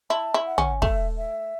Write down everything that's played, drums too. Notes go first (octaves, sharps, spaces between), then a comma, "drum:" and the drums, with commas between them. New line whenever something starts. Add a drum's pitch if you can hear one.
E4 A5
E4
F#5
C#4, drum: tom
A3 E5, drum: kick
E5